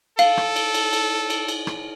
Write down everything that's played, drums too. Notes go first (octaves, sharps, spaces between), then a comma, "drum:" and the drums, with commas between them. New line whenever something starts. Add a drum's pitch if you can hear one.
A4 F5, drum: cymbal
drum: rim click
drum: cymbal
drum: cymbal
drum: cymbal
drum: cymbal
drum: cymbal
drum: rim click